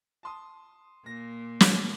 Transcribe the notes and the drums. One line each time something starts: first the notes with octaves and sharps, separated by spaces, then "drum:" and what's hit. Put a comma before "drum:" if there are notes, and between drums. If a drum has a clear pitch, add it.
A5 C6 D#6
A#2 A#6
drum: snare